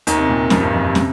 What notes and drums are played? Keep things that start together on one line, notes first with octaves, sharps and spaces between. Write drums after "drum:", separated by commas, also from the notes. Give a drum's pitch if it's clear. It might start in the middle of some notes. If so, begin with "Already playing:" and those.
D#2 D#3, drum: hi-hat
C3
A#2
C3
F2 F3, drum: snare
G2 G3
F2 F3
C3
C3, drum: snare